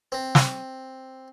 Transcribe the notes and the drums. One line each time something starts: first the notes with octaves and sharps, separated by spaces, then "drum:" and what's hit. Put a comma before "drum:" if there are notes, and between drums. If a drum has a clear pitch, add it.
C4
drum: snare